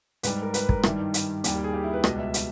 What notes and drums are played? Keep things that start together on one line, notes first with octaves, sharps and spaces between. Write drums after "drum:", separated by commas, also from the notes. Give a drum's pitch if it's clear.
G#2 G3 B4, drum: hi-hat
A#4
B4, drum: hi-hat
A#4, drum: kick
G2 D#3 G3 E4, drum: rim click
D#4
drum: hi-hat
D#2 D#3 G3, drum: hi-hat
G4
G#4
G4
E4
B4
C#2 B2 G3 D#5, drum: rim click
E5
drum: hi-hat